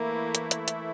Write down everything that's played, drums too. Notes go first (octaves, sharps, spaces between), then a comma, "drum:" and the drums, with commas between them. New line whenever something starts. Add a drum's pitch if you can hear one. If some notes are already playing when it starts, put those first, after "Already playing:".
Already playing: E3 A3 A#3 E4
drum: hi-hat
drum: hi-hat
drum: hi-hat